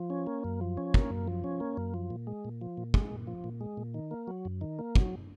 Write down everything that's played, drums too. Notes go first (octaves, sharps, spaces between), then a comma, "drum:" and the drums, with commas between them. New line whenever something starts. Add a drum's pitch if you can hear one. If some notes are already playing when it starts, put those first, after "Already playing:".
Already playing: F3
C#4
A#3
F#2
F3
C#4
A#3, drum: kick
F#2
F3
C#4
A#3
F#2
F3
A#2
G#3
A#2
F3
A#2
G#3, drum: kick
A#2
F3
A#2
G#3
A#2
D#3
A#3
F#3
F#2
D#3
A#3
F#3, drum: kick